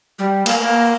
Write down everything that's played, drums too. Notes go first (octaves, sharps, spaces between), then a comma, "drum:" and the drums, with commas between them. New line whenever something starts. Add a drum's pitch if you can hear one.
G3
A#3, drum: cymbal
A#3